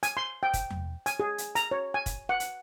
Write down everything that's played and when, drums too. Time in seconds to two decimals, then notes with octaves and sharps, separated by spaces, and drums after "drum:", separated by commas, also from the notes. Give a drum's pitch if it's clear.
0.03 G#5, drum: hi-hat
0.17 C6
0.43 G5
0.54 drum: kick, hi-hat
0.70 drum: tom E2
1.06 G#5, drum: hi-hat
1.20 G#4
1.38 drum: hi-hat
1.55 A#5, drum: hi-hat
1.71 C#5
1.94 G#5
2.06 drum: kick, hi-hat
2.29 F#5
2.40 drum: hi-hat